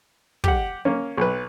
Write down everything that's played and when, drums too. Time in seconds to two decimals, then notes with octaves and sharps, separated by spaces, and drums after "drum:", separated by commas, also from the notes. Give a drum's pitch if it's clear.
0.44 G4 F#5, drum: kick
0.85 A#3 C#4
1.17 B1 B4